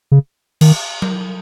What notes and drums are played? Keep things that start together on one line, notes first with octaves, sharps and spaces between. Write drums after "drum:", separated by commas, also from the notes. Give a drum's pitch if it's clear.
C#3
D#3, drum: cymbal
drum: tom F#3